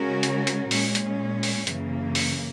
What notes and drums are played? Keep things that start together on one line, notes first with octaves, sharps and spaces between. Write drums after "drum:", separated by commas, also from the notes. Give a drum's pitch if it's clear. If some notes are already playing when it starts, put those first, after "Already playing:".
Already playing: C#3 G#3 C#4 F#4 A#4
drum: hi-hat
drum: hi-hat
A#2 G#3 C#4, drum: open hi-hat
drum: hi-hat
drum: open hi-hat
F#2 C#3 E3 A#3, drum: hi-hat
drum: open hi-hat